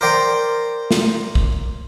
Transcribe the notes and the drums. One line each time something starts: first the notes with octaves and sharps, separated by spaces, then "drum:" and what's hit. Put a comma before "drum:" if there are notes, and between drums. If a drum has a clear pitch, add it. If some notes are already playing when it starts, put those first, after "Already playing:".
A#4 C5 D5 G5 A#5 C6
drum: snare
drum: kick